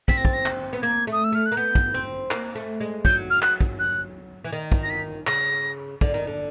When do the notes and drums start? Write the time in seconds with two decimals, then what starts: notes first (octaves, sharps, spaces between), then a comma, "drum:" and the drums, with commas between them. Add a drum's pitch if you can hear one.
0.08 C4 B6, drum: kick
0.17 A#6
0.25 A6, drum: kick
0.33 A#6
0.46 drum: clap
0.73 B3
0.82 A#3 G#6
1.07 A3
1.12 D#6
1.24 E6
1.32 A3 F6
1.46 F#6
1.52 A#3
1.57 B3 G6
1.75 drum: kick
1.94 C4
2.31 A#3, drum: clap
2.55 A3
2.81 G#3
3.05 F#3 G6, drum: kick
3.30 F6
3.42 F#6, drum: clap
3.61 drum: kick
3.79 F#6
4.44 E3
4.53 D#3
4.72 drum: kick
4.83 A#6
4.90 B6
5.27 C#3 A#6, drum: clap
6.01 D3, drum: kick
6.14 D#3
6.27 D3